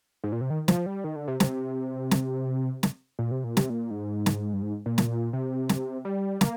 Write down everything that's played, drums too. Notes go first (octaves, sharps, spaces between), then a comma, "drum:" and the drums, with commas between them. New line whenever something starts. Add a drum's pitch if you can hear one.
G#2
A#2
C3
D#3
F3, drum: snare
G3
D#3
D3
C3
C3, drum: snare
drum: snare
drum: snare
A#2
C3
A#2
C3, drum: snare
A#2
G#2
drum: snare
G2
G#2
A#2
drum: snare
C3
drum: snare
G3
A#3, drum: snare